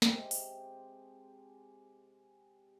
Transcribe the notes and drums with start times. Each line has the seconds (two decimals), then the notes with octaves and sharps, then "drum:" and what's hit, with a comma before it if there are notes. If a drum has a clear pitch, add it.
0.02 C3 G#3 C4 G4, drum: snare
0.31 drum: open hi-hat